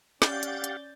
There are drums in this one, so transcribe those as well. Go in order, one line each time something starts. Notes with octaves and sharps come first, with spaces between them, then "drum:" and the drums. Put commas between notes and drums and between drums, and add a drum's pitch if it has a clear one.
C#4 G4 D5 F5 F#5 G6 A6, drum: snare
drum: hi-hat
drum: hi-hat